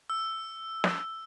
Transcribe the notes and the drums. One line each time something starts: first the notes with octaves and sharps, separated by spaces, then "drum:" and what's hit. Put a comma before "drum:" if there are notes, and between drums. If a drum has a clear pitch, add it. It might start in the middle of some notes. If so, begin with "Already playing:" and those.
E6
drum: snare